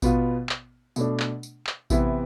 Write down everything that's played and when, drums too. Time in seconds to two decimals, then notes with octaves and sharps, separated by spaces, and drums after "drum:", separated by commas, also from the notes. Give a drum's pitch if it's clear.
0.02 B2 B3 F4, drum: kick A1, tambourine
0.49 drum: clap
0.96 B2 A3 D4, drum: tambourine
1.20 drum: clap
1.43 drum: tambourine
1.67 drum: clap
1.90 C3 E3 B3 E4, drum: kick A1, tambourine